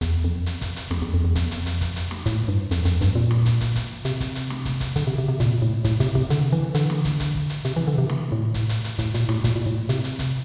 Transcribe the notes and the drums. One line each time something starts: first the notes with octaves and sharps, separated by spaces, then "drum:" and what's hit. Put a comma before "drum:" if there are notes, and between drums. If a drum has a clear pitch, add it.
E2, drum: kick, hi-hat
F2
drum: hi-hat
drum: kick, hi-hat
drum: hi-hat
F2, drum: snare
E2
F2
E2
F2, drum: kick, hi-hat
drum: hi-hat
drum: hi-hat
drum: kick, hi-hat
drum: hi-hat
drum: snare
A2, drum: kick, hi-hat
G2
F2, drum: hi-hat
F2, drum: hi-hat
G2, drum: kick, hi-hat
A#2
drum: snare
drum: kick, hi-hat
drum: kick, hi-hat
drum: kick, hi-hat
C3, drum: hi-hat
drum: kick, hi-hat
drum: hi-hat
drum: snare
drum: kick, hi-hat
drum: kick, hi-hat
D3, drum: kick, hi-hat
C3
C3
C3
A#2, drum: kick, hi-hat
A2
A2, drum: kick, hi-hat
C3, drum: kick, hi-hat
C3, drum: kick
D3, drum: hi-hat
E3
D3, drum: hi-hat
drum: snare
drum: kick, hi-hat
drum: kick, hi-hat
drum: kick
drum: hi-hat
C3, drum: hi-hat
E3
D3
C3
drum: snare
A2
drum: kick, hi-hat
drum: hi-hat
drum: hi-hat
A2, drum: kick, hi-hat
A#2, drum: hi-hat
A2, drum: snare
A#2, drum: kick, hi-hat
A#2
A2
C3, drum: hi-hat
drum: hi-hat
drum: kick, hi-hat